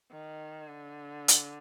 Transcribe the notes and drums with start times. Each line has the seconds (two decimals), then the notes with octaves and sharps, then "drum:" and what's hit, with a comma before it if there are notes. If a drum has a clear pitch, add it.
0.11 D#3
0.68 D3
1.28 drum: hi-hat